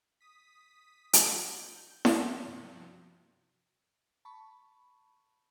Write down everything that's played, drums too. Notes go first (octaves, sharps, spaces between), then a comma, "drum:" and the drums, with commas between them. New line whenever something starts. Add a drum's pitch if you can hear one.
D#6 B6
drum: hi-hat
F#4
G6
drum: snare E4
G2 C3 F3 F#3
A5 B5 C#6